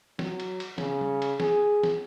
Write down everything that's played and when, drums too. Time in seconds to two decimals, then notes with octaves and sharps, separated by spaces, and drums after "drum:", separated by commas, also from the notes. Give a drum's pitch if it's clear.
0.19 F#3, drum: snare E3
0.40 drum: cymbal
0.60 drum: cymbal
0.78 C#3, drum: snare E3
1.01 drum: tom
1.22 drum: cymbal
1.40 G#4, drum: snare E3
1.83 drum: snare E3